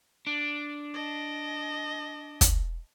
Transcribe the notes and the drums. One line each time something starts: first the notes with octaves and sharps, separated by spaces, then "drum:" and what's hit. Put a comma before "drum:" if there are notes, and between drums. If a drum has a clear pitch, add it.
D4
D#5 A5
drum: kick, hi-hat